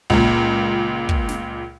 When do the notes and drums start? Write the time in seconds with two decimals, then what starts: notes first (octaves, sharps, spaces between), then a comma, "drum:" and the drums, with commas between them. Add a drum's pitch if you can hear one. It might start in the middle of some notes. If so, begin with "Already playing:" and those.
0.10 C#2 A#2, drum: kick
1.09 drum: kick
1.29 drum: snare